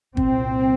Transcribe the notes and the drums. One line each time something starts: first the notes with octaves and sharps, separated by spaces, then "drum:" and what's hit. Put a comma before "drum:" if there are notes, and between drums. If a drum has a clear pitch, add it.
C2 A#2 C4, drum: kick G1